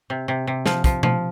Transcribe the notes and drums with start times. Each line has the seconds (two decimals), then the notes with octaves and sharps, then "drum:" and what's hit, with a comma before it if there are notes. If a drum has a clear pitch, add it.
0.10 C3
0.28 C3
0.47 C3
0.66 F3, drum: snare
0.84 F3, drum: kick, hi-hat
1.03 F3, drum: tom B2